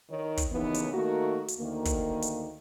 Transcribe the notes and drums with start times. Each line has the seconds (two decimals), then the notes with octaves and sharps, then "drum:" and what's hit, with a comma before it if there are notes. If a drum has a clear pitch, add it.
0.11 D#3 C#5
0.37 drum: kick, hi-hat
0.51 D#2 C#3 E3 B3 D#4
0.74 drum: hi-hat
0.93 D#3 A3 A#3 F#4
1.48 drum: hi-hat
1.58 D2 D#3 A#3
1.85 drum: kick, hi-hat
2.22 drum: hi-hat